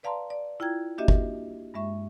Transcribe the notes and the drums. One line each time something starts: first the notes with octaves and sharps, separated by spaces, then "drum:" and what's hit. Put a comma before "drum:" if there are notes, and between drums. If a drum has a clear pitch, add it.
B4 D5 F5 A5 A#5 C6
D5
E4 F4 G5 A#5 G#6
A#3 D4 F#4 G4 D#5 E5
drum: kick G1
G2 G#3 E5 C#6